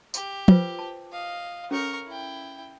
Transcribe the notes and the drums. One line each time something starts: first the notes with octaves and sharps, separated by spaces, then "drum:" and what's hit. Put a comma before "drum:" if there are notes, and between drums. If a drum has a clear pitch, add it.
G4, drum: tambourine
F4 B4 C5, drum: tom
A5
D#5 F5
C#4 A4 A#4 C#5 C#6
E4 G5